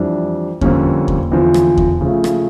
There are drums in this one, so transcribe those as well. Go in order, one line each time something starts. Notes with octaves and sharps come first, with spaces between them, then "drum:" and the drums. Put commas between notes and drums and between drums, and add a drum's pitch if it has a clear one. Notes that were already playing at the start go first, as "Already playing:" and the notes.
Already playing: F2 E3 G3 D4
F2 D3 G3 A#3 C#4, drum: kick E2
drum: kick E2
E2 D3 F3
drum: rim click
drum: kick E2
C#3 F3 A3
drum: rim click